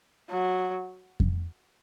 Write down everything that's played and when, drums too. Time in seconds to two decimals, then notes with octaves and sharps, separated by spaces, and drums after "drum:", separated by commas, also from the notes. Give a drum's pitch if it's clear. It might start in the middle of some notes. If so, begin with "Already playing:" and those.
0.30 F#3
1.20 drum: kick F2